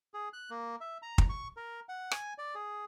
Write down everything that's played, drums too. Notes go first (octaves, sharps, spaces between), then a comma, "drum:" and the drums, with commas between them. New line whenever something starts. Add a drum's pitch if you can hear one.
G#4
F#6
A#3
E5
A#5
drum: kick
C#6
A#4
F#5
G#5, drum: rim click
D5
G#4